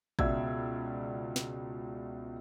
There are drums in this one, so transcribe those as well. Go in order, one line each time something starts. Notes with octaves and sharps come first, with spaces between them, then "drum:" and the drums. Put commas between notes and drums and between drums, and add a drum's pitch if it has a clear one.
C#2 B2 D5 E5 E6 G#6, drum: kick A1
drum: snare